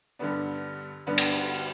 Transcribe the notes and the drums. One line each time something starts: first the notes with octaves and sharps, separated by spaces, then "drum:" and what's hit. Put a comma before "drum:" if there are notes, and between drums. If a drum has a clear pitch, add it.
G2 D3 G3 B3 D4
G2 D3 G3 B3 D4
drum: cymbal